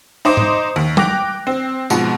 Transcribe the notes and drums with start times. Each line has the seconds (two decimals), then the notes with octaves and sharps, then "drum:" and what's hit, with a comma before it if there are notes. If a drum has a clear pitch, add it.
0.25 D#4 C5 D#5 D6
0.37 drum: tom G#2
0.76 D#2
0.97 G5 D6 F#6 A#6 F7, drum: tom
1.47 C4
1.90 G#2 B2 F3 B3, drum: tambourine